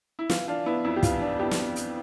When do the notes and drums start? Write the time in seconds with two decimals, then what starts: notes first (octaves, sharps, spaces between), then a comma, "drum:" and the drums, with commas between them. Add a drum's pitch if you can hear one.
0.19 E4
0.30 E3 F4, drum: snare
0.48 D4 F4
0.66 B3 E4
0.84 F2 E4
0.96 G4
1.03 E3 F4, drum: kick, hi-hat
1.21 D4
1.39 B3 E4 G4
1.51 drum: snare
1.76 drum: hi-hat